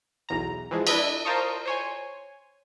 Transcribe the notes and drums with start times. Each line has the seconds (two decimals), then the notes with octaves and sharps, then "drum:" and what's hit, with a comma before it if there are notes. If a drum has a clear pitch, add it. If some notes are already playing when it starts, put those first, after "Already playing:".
0.29 B1 E2 A#5
0.71 E3 F3 G#3
0.87 D4 E4 B4 D#5 E5, drum: cymbal
1.25 A#4 C5 F5 A5 C#6 D#6
1.66 C5 C#5 G#5